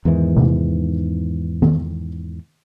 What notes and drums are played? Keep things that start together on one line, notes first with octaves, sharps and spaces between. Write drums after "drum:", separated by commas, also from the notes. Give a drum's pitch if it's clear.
E2 G#2 D#3 E3
drum: tom C3
drum: tom D#3